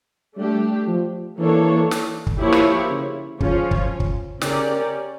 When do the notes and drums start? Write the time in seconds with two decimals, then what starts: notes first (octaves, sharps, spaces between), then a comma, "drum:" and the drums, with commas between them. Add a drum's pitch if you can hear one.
0.37 G3 A3 D4 G4
0.87 F3
1.38 E3 A#3 D4 A4 C#5
1.91 drum: snare
2.27 drum: kick
2.39 F3 A#3 E4 G4 C#5
2.52 drum: rim click
2.90 C#3
3.40 C#3 F3 C#4 F4 C#5, drum: kick
3.71 drum: kick
4.00 drum: kick
4.41 C#3 C#4 G4 A#4 D5, drum: snare